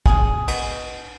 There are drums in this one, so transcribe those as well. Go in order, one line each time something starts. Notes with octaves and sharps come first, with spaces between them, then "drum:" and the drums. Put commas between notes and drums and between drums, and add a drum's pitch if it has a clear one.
G#4, drum: kick
B2, drum: cymbal